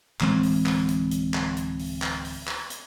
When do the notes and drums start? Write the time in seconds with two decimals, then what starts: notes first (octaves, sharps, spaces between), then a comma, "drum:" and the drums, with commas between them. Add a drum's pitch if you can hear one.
0.20 D1 E3 G#3 C4, drum: clap
0.43 drum: open hi-hat
0.66 drum: clap
0.89 drum: hi-hat
1.11 drum: hi-hat
1.34 drum: clap
1.57 drum: hi-hat
1.79 drum: open hi-hat
2.02 drum: clap
2.25 drum: open hi-hat
2.47 drum: clap
2.70 drum: hi-hat